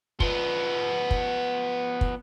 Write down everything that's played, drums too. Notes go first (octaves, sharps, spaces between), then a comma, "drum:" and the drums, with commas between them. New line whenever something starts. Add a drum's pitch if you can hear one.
F3 B3, drum: kick
drum: kick
drum: kick